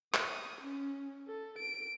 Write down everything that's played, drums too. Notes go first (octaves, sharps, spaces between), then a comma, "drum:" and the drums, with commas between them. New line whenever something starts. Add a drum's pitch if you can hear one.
D#6, drum: clap
C#4
A4
D7